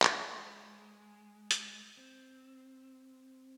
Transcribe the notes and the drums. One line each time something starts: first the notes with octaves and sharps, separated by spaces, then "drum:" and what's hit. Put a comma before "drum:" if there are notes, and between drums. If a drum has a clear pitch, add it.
drum: clap
G#3
drum: hi-hat
C4